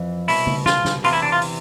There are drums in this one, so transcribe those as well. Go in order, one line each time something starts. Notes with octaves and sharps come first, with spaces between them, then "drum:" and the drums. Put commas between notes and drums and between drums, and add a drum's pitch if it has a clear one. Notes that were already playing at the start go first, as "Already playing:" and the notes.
Already playing: F2 E3
C2 B2 E4, drum: open hi-hat
drum: tom
F4, drum: snare
drum: snare
E2 C3 E3 F4, drum: open hi-hat
E4
D4
F4
drum: open hi-hat